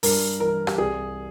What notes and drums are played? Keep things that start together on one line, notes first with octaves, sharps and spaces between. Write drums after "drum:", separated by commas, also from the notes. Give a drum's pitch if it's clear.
G2 A#4, drum: open hi-hat
E3 A#4
G4, drum: rim click
C2 G#4